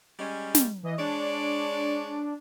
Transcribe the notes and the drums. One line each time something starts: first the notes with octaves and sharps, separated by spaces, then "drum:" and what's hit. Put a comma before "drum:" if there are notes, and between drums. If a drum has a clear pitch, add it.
G3 G#3 C#4
drum: snare
E3 D#5
G#3 D4 C#5 D5